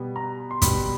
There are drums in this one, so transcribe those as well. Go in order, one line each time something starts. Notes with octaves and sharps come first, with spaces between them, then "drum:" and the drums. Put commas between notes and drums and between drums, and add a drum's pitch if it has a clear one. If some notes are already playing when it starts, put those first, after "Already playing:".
Already playing: B2 G3 B3
A#5
C6
B2 G3 B3 B5, drum: kick, hi-hat